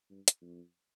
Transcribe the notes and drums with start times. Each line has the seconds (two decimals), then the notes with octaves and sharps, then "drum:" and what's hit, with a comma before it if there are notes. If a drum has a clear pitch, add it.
0.10 G2
0.28 drum: hi-hat
0.41 F2